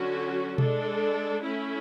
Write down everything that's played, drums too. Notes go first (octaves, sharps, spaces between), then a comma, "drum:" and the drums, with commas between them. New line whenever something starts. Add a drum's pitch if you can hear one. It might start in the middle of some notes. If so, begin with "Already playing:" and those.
Already playing: D3 F#3 C#4 F#4
G#3 D4 A4, drum: tom B2
A3 C#4 E4